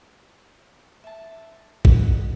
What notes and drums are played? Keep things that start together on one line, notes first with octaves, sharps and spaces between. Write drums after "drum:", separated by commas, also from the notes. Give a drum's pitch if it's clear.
E5 A5
D#5 F#5, drum: kick